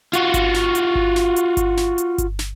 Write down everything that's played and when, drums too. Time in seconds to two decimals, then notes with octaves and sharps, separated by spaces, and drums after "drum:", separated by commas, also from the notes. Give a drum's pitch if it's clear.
0.13 F4 F#4, drum: hi-hat
0.34 drum: kick G1, hi-hat
0.54 drum: snare
0.75 drum: hi-hat
0.95 drum: kick G1
1.16 drum: snare
1.36 drum: hi-hat
1.57 drum: kick G1, hi-hat
1.77 drum: snare
1.98 drum: hi-hat
2.18 drum: kick G1, hi-hat
2.39 drum: snare